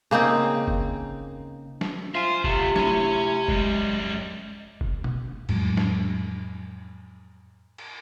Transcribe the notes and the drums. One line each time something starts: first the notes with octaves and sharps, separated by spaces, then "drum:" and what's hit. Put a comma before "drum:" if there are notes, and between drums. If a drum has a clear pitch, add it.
C#3 A#3 C4 D#4
drum: kick
drum: snare
F4 C5 E5 G#5
C3 A3 B3 F4 A5, drum: kick
A3 E4 C#5 G#5, drum: snare
F#2 G3 G#3, drum: kick
drum: kick
drum: tom B2
F2 A2 F#3 G#3, drum: cymbal
drum: snare
drum: cymbal